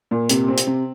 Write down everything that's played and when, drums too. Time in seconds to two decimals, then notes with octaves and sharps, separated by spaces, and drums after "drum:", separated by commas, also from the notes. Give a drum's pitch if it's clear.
0.11 A#2
0.29 C3, drum: hi-hat
0.48 C4
0.58 drum: hi-hat
0.67 C3